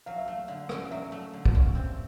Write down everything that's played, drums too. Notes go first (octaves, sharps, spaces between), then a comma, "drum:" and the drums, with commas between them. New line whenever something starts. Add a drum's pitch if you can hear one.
F#3 F5
E5
A3 F5
D3
C#4, drum: rim click
F#3 E5
A3
D3
drum: kick
C#4
C4